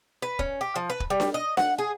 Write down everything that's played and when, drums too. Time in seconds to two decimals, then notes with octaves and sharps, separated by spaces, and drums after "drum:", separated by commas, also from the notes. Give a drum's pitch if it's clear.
0.22 B4
0.39 C#4, drum: kick
0.61 G4
0.76 F3
0.90 B4
1.00 drum: kick
1.10 G3
1.20 drum: snare D4
1.34 D#5
1.57 F#5, drum: snare D4
1.78 G#4